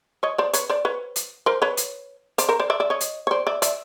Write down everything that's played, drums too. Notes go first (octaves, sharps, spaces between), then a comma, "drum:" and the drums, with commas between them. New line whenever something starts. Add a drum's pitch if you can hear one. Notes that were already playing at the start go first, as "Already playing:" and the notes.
C#5 D#5
C5 D5
B4 C#5, drum: hi-hat
C5 D5
B4 C#5
drum: hi-hat
A#4 C5
B4 C#5
drum: hi-hat
C5 D5, drum: hi-hat
A#4 C5
C5 D5
D5 E5
D5 E5
C#5 D#5
drum: hi-hat
C#5
C5 D5
D5 E5
D5 E5, drum: hi-hat